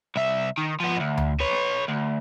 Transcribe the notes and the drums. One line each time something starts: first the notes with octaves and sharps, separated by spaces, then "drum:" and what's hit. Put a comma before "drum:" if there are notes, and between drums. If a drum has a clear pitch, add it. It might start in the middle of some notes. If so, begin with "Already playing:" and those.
C2 E5
D#3
F3 B3
D2 G#2
drum: tom D2
B4 C#5
D2